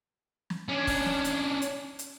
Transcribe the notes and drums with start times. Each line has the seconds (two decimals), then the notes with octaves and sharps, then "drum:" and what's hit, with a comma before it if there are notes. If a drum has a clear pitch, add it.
0.50 drum: snare
0.69 C#4 D4
0.87 drum: kick, open hi-hat
1.06 drum: snare
1.24 drum: hi-hat
1.62 drum: hi-hat
1.99 drum: hi-hat